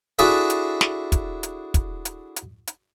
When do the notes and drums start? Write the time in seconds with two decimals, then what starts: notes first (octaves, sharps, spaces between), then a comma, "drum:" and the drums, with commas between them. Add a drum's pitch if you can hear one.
0.19 D4 E4 F#4 G#4 A4 E5, drum: hi-hat
0.50 drum: hi-hat
0.81 drum: snare
1.12 drum: kick, hi-hat
1.43 drum: hi-hat
1.74 drum: kick, hi-hat
2.05 drum: hi-hat
2.36 drum: hi-hat
2.67 drum: hi-hat